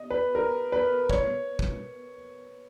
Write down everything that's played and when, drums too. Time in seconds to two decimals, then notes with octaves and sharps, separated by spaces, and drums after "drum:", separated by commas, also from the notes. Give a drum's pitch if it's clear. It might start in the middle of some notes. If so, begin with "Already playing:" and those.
Already playing: D#5
0.10 B4
0.35 A#4
0.72 B4
1.10 C#5, drum: kick
1.59 drum: kick